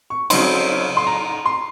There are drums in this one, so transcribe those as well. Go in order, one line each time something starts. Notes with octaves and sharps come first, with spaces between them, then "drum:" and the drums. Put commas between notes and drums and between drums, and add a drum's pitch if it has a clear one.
C#6
C#3 F#3 C4 D#4 C6, drum: cymbal
C6
A#5
C6